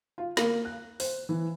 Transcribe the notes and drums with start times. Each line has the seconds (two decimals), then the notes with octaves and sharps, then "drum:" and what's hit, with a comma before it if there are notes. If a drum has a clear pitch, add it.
0.18 F4
0.37 A#3, drum: snare
0.65 F#6
1.00 C5, drum: open hi-hat
1.29 E3